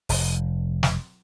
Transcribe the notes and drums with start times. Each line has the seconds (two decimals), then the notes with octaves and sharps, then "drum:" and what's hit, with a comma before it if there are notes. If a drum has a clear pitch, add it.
0.09 F1, drum: open hi-hat
0.83 drum: snare